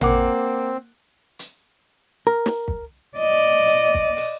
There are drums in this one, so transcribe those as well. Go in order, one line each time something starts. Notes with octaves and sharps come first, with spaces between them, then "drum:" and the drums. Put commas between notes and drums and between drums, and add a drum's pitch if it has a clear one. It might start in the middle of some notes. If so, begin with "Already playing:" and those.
A#3 C4 F#5 D6, drum: tom A1
drum: hi-hat
A#4
drum: snare
drum: kick
D5 D#5
drum: kick
drum: open hi-hat